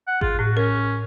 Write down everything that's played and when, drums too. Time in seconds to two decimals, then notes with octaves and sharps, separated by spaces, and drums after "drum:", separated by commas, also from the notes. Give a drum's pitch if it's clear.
0.07 F#5
0.21 F4 G#4, drum: kick G#1
0.39 A2 F#4
0.57 C#4 A#4